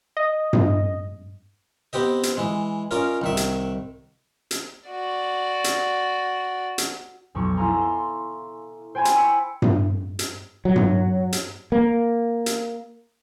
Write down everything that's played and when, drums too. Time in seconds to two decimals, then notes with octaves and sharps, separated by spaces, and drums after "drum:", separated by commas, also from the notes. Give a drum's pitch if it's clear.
0.17 D#5
0.53 drum: tom G2
1.93 B3 C4 G4 D#5
2.23 drum: hi-hat
2.37 E3 G#3
2.91 C#4 F4 A#4 D5 D#5
3.21 C2 D#3 E5
3.37 drum: hi-hat
4.51 drum: hi-hat
4.89 F#4 D5
5.64 drum: hi-hat
6.78 drum: hi-hat
7.35 B1 F2 C#6 D6
7.56 E4 A4 F5 G#5 A#5 C6
7.81 C6
8.95 C5 G5 G#5 B5 G#6 A6
9.05 drum: hi-hat
9.15 C#6 E6 B6 C#7 D7
9.62 drum: tom G2
10.19 drum: hi-hat
10.65 F#3
10.76 drum: tom G2
11.33 drum: hi-hat
11.72 A#3
12.46 drum: hi-hat